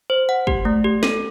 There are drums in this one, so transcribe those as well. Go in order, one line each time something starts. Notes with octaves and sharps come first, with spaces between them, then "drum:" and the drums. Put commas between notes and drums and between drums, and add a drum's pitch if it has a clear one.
C5
F#5
G4, drum: kick
A3
G4
A4, drum: snare